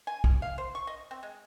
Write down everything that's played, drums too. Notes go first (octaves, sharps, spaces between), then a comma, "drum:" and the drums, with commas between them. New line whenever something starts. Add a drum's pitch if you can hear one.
G#5
C#4, drum: kick
F5
C5
C#6
D#5
C4
G#3